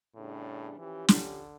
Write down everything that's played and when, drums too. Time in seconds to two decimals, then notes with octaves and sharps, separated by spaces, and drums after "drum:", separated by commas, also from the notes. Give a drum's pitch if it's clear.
0.15 E2 A2 C#3 G3 D4
0.78 E3 F3 C#4 G4
1.08 D3, drum: snare